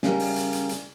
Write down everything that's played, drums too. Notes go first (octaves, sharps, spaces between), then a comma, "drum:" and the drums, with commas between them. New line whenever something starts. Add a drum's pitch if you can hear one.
C#3 G3 A#4, drum: snare
drum: open hi-hat
drum: hi-hat
drum: hi-hat
drum: hi-hat